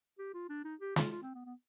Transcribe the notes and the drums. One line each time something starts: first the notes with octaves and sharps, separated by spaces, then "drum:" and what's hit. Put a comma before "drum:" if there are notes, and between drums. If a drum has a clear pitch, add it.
G4
F4
D4
D#4
G4
F4, drum: snare
F4
C4
B3
B3